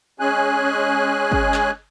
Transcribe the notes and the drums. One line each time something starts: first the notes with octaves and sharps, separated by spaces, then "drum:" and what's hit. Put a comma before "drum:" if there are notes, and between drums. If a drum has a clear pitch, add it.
G#3 C#4 G#4 G#5 F#6
drum: kick G1
drum: clap